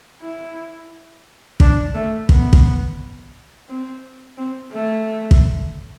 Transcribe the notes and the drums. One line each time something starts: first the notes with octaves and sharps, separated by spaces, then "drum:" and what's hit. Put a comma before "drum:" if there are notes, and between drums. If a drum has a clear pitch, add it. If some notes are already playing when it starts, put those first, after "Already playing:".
E4
D4, drum: kick
A3
B3, drum: kick
drum: kick
C4
C4
A3
drum: kick